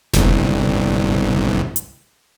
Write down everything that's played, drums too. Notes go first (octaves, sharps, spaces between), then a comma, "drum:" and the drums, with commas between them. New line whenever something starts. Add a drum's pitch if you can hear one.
G1 C2, drum: snare F1
drum: hi-hat